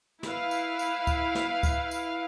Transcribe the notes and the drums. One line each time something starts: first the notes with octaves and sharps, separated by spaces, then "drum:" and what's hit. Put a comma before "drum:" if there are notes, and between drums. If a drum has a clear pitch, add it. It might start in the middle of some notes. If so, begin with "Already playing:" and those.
E4 B4 F5, drum: snare
drum: tambourine
drum: tambourine
drum: kick C#2, tambourine
drum: snare
drum: kick C#2, tambourine
drum: tambourine